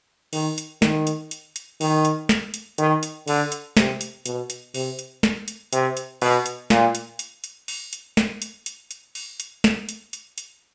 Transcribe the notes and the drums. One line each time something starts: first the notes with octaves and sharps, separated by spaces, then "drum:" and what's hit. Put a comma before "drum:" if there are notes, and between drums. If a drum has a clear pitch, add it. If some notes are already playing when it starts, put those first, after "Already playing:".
D#3, drum: open hi-hat
drum: hi-hat
D#3, drum: snare
drum: hi-hat
drum: hi-hat
drum: hi-hat
D#3, drum: open hi-hat
drum: hi-hat
drum: snare
drum: hi-hat
D#3, drum: hi-hat
drum: hi-hat
D3, drum: open hi-hat
drum: hi-hat
C3, drum: snare
drum: hi-hat
B2, drum: hi-hat
drum: hi-hat
C3, drum: open hi-hat
drum: hi-hat
drum: snare
drum: hi-hat
C3, drum: hi-hat
drum: hi-hat
B2, drum: open hi-hat
drum: hi-hat
A#2, drum: snare
drum: hi-hat
drum: hi-hat
drum: hi-hat
drum: open hi-hat
drum: hi-hat
drum: snare
drum: hi-hat
drum: hi-hat
drum: hi-hat
drum: open hi-hat
drum: hi-hat
drum: snare
drum: hi-hat
drum: hi-hat
drum: hi-hat